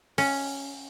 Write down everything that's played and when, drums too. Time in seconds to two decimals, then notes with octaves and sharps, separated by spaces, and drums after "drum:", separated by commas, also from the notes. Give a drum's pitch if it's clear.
0.18 C#4, drum: open hi-hat